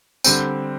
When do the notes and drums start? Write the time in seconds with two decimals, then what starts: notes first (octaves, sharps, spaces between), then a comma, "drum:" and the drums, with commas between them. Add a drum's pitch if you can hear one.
0.24 D3 G3 C4, drum: tambourine